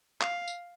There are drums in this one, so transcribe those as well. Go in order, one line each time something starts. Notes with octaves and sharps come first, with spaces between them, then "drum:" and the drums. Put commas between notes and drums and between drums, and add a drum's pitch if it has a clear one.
F5, drum: clap
drum: tambourine